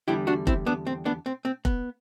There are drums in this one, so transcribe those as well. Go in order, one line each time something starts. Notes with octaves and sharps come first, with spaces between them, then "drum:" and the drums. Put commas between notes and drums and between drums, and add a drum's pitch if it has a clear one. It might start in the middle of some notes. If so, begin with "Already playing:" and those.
E2 D3 G3 E4 G4
D4 F#4
C4 E4, drum: kick F1
B3 D4
C4
B3 D4
C4
C4
B3, drum: kick F1